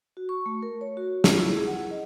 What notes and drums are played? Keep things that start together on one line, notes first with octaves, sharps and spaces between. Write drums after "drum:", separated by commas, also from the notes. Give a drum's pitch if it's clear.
F#4
C#6
A3
A#4
C#5
F#4
F4, drum: snare
E4
G#4
F#5
D#5